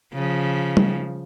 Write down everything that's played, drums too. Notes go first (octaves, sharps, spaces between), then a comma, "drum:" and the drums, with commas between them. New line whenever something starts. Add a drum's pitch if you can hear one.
C#3 F3
drum: tom G3